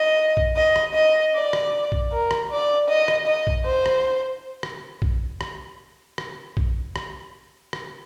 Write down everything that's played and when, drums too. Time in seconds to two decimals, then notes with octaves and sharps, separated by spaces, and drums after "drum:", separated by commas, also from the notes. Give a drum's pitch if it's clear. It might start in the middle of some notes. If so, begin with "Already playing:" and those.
Already playing: D#5
0.37 drum: kick A#1
0.57 D#5
0.76 drum: rim click
0.95 D#5
1.34 D5
1.53 drum: rim click
1.92 drum: kick A#1
2.12 A#4
2.31 drum: rim click
2.51 D5
2.89 D#5
3.08 drum: rim click
3.27 D#5
3.47 drum: kick A#1
3.66 C5
3.86 drum: rim click
4.63 drum: rim click
5.02 drum: kick A#1
5.41 drum: rim click
6.18 drum: rim click
6.57 drum: kick A#1
6.96 drum: rim click
7.73 drum: rim click